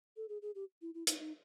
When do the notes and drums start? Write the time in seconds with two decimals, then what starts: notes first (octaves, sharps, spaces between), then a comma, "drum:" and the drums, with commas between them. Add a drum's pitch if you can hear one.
0.17 A4
0.29 G#4
0.42 G#4
0.55 G4
0.82 E4
0.94 E4
1.07 D#4, drum: hi-hat
1.20 D#4